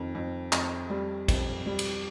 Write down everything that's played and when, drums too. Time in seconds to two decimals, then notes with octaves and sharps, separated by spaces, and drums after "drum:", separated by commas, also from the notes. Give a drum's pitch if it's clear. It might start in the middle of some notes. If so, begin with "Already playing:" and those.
Already playing: F2 D#3
0.15 F2
0.53 F2, drum: clap
0.90 G3
1.28 F2, drum: kick, cymbal
1.66 G3
1.79 drum: cymbal